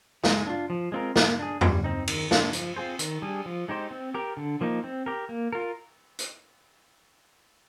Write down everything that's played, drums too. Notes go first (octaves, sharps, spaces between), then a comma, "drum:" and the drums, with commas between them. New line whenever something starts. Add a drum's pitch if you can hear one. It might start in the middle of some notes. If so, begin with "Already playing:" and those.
G#3, drum: snare
D4 F4
F3
G#3 C4 F4 A#4
A#3, drum: snare
D4 G#4
G3, drum: tom E2
C4 D#4
D#3, drum: cymbal
A#3 D4, drum: snare
F3, drum: hi-hat
C4 F4 G#4 C5
D#3, drum: hi-hat
G3 D4 G#4
F3
G#3 D#4 G4 C5
C4
G4 A#4
D3
F3 A#3 D#4
C4
G4 A#4
A#3
F4 A#4
drum: hi-hat